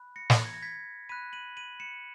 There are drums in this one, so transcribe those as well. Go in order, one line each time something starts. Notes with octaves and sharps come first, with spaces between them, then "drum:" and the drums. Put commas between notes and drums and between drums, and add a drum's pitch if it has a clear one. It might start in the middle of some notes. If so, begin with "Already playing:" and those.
Already playing: B5 F#6
A#6 C#7
drum: snare
G#6
A#6
G#6 B6
B5 F#6 B6 D#7
D#7 F#7
D#7 F#7
C#7 E7